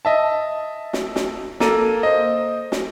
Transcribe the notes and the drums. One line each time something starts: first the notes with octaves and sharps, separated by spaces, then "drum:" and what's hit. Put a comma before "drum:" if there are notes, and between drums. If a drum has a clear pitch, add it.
D#5 E5 A5
drum: snare
drum: snare
A#3 A4 A#5 D#7, drum: snare
C5 D#5
drum: snare